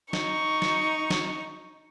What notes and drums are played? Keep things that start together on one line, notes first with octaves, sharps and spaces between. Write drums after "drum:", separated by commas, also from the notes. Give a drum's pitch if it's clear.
D#4 C#6, drum: snare
drum: snare
drum: snare